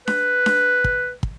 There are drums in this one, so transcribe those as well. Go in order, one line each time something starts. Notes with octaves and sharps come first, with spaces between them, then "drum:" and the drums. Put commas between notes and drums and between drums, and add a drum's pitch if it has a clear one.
B4, drum: snare D4
drum: snare D4
drum: kick
drum: kick